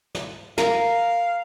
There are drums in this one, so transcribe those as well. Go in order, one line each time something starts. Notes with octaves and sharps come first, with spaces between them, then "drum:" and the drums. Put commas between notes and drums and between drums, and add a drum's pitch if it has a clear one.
drum: snare
A#4 F5, drum: snare